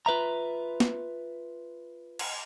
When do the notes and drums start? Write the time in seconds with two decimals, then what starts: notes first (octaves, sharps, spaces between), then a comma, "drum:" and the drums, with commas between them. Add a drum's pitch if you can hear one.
0.06 F4 B4 E5 A#5
0.80 drum: snare
2.19 drum: cymbal